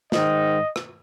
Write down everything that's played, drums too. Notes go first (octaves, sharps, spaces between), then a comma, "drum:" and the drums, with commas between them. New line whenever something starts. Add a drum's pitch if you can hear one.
G#2 D#3 D#5, drum: snare
drum: rim click